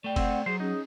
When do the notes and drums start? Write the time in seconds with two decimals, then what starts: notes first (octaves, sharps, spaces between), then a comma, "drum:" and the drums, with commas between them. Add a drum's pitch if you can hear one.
0.04 A3 D5 G5
0.16 C4 F#5, drum: kick F#1, cymbal
0.46 F#3 G#4 C5
0.60 C#4 D#4 G#4